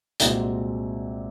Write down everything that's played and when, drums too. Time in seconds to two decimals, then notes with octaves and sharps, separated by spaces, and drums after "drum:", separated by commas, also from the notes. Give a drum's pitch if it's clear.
0.20 C2 A#2 G#3 C4 F#4, drum: hi-hat